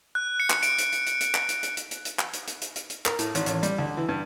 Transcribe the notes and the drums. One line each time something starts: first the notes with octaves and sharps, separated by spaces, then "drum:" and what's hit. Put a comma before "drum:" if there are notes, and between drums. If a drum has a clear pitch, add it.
F#6
C#7
drum: clap
D7, drum: hi-hat
drum: hi-hat
drum: hi-hat
drum: hi-hat
drum: hi-hat
drum: clap
drum: hi-hat
drum: hi-hat
drum: hi-hat
drum: hi-hat
drum: hi-hat
drum: clap
drum: hi-hat
drum: hi-hat
drum: hi-hat
drum: hi-hat
drum: hi-hat
A#4, drum: clap
A2, drum: hi-hat
G#1, drum: hi-hat
A1, drum: hi-hat
G3, drum: hi-hat
D2
E3
G2